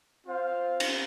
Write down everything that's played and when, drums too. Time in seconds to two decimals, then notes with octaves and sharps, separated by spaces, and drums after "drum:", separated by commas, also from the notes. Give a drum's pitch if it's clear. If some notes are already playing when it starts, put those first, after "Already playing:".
0.25 C4 F4 C5 F5
0.80 drum: cymbal